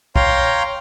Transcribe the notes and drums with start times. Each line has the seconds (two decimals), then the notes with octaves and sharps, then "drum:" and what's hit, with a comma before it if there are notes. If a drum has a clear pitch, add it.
0.16 C#5 F5 G5 A#5 C6, drum: kick